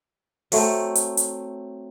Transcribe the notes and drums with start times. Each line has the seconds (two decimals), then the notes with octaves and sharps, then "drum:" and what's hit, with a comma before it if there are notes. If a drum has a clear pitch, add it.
0.52 F#3 A3 C4, drum: open hi-hat
0.95 drum: hi-hat
1.17 drum: hi-hat